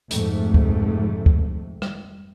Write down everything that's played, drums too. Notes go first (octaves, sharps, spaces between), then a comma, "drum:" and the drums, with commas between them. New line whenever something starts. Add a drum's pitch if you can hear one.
F1 G#2 C3 A3, drum: hi-hat
drum: kick
drum: kick
drum: rim click